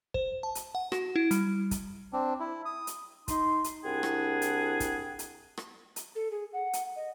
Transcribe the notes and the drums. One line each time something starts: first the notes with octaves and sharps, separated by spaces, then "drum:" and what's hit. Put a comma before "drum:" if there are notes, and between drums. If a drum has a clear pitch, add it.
C5, drum: kick
A5
drum: hi-hat
F#5
F#4, drum: rim click
E4
G3, drum: hi-hat
drum: kick, hi-hat
C4 D4
E4
D#6
drum: hi-hat
D#4 C6, drum: kick, hi-hat
drum: hi-hat
C2 D4 E4 G#4 F#5 G5
drum: rim click
drum: hi-hat
drum: kick, hi-hat
drum: hi-hat
drum: rim click
drum: hi-hat
A4
G#4
F#5
drum: hi-hat
D#5